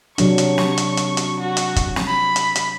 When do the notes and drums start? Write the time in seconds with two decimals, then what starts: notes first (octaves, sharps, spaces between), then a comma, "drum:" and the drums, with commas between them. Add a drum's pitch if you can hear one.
0.18 C3 F#3 D4 C#6, drum: hi-hat
0.38 drum: hi-hat
0.58 drum: snare
0.77 drum: hi-hat
0.97 drum: hi-hat
1.17 drum: hi-hat
1.40 F#4
1.57 drum: hi-hat
1.76 drum: kick, hi-hat
1.96 drum: snare
2.07 B5
2.36 drum: hi-hat
2.55 drum: hi-hat